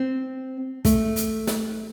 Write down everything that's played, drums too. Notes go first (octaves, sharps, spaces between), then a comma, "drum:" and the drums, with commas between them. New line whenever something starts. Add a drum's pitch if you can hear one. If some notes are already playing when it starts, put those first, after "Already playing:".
Already playing: C4
A3, drum: kick, hi-hat
drum: hi-hat
drum: snare